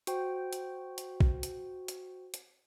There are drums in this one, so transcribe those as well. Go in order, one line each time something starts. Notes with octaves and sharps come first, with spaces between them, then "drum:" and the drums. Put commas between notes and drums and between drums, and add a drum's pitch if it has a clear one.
F#4 C5 G5, drum: hi-hat
drum: hi-hat
drum: hi-hat
drum: kick
drum: hi-hat
drum: hi-hat
drum: hi-hat